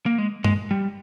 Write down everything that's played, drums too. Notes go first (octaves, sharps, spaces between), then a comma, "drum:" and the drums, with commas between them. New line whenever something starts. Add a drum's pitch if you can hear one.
A#3
G#3
G#3, drum: tom G2
G3